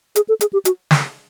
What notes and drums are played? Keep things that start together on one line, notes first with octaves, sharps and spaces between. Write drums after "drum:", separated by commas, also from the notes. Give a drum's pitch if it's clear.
G#4, drum: hi-hat
A4
G#4, drum: hi-hat
G4
F#4, drum: hi-hat
drum: snare